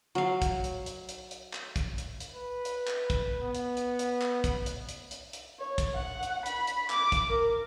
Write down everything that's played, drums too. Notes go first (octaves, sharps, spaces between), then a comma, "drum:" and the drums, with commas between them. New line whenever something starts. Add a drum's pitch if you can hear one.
F#3 F5
drum: kick, hi-hat
drum: hi-hat
drum: hi-hat
drum: hi-hat
drum: hi-hat
drum: clap
drum: kick, hi-hat
drum: hi-hat
drum: hi-hat
B4
drum: hi-hat
drum: clap
drum: kick, hi-hat
B3
drum: hi-hat
drum: hi-hat
drum: hi-hat
drum: clap
drum: kick, hi-hat
drum: hi-hat
drum: hi-hat
drum: hi-hat
drum: hi-hat
C#5
drum: kick, hi-hat
F#5
drum: hi-hat
B5, drum: hi-hat
drum: hi-hat
D6, drum: clap
drum: kick, hi-hat
A#4